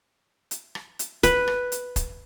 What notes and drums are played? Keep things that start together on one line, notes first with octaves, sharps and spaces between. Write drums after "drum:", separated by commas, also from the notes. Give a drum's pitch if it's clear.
drum: hi-hat
drum: rim click
drum: hi-hat
B4, drum: kick, hi-hat
drum: rim click
drum: hi-hat
drum: kick, hi-hat